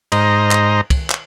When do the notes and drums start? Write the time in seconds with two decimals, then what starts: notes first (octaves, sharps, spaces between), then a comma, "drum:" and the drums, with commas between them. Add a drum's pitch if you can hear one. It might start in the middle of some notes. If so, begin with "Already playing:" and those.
0.12 G#2 C5 D#5 A#5, drum: cymbal
0.51 drum: clap
0.90 drum: kick, cymbal
1.10 drum: clap